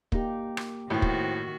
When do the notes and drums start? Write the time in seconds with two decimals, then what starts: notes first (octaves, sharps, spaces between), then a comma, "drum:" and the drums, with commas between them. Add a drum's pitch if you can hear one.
0.12 A#3 D#4 G4, drum: kick
0.57 drum: rim click
0.90 A2 D#3 B3 C4 F#4
1.02 drum: kick